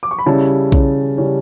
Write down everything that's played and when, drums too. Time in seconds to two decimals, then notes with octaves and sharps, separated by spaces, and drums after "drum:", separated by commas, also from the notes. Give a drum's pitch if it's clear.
0.03 D6
0.11 C#6
0.19 B5
0.26 C#3 G3 C#4 E4 A5
0.72 C#3 G3 C#4 E4, drum: kick A#1
1.17 C#3 G3 C#4 E4